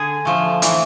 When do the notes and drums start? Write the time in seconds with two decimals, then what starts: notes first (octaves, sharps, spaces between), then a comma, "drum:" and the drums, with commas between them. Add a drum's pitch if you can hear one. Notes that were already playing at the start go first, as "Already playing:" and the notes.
Already playing: D3 G#4
0.25 F3 A3
0.62 E3, drum: hi-hat